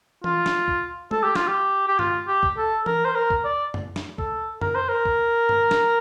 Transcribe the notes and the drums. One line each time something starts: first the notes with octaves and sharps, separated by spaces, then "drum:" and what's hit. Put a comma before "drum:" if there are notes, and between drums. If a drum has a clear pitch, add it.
F4, drum: tom E3
drum: snare
drum: kick
A4, drum: tom G#3
G4
F4, drum: snare
G4
G4
F4, drum: tom G2
G4
drum: kick
A4
A#4, drum: tom E3
C5
A#4
drum: kick
D5
drum: tom F#2
drum: snare
A4, drum: kick
A#4, drum: tom F#2
C5
A#4
drum: kick
drum: tom G2
drum: snare